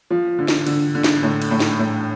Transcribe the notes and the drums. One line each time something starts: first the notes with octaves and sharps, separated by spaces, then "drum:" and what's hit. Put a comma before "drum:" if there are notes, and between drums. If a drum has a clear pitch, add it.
F3
D3
drum: snare
D3, drum: cymbal
D3
drum: snare
A2
drum: cymbal
A2
drum: snare
A2